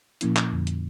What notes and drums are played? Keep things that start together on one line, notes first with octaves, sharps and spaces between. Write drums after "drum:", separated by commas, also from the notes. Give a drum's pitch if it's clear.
A#2 F3 A#3 C#4 E4, drum: hi-hat
drum: clap
F2 D3 F3
drum: hi-hat